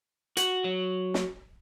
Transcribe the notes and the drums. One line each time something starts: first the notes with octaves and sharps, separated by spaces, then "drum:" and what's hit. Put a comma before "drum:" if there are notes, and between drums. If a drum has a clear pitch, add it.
F#4, drum: hi-hat
F#3
drum: snare